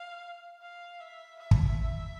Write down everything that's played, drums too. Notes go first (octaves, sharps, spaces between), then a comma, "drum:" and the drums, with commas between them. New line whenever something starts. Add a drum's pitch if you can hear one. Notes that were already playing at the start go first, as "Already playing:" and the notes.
Already playing: F5
F5
E5
E5
drum: kick